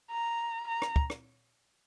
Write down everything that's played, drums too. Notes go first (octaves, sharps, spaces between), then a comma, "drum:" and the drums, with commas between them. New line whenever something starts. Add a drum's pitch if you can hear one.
A#5
A#5
drum: rim click
drum: kick
drum: rim click